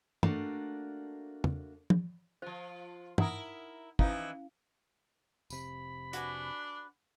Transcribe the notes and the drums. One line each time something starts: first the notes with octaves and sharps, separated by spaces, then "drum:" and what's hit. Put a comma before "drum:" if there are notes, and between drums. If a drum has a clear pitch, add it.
A3 A#3 D4 F#4, drum: tom
drum: tom
drum: tom
F3 F4 C5
D#4 E4 A#4 F#5 D#6, drum: tom
E3 F3 C#4 D#4 E4 F5, drum: kick
F1 C3 B5, drum: tambourine
D4 F#4 B4 G#5, drum: hi-hat